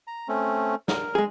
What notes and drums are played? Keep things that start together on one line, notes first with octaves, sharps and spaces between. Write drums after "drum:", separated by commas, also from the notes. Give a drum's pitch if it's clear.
A#5
A3 C4 C#4
A#4, drum: snare
G#3 G#4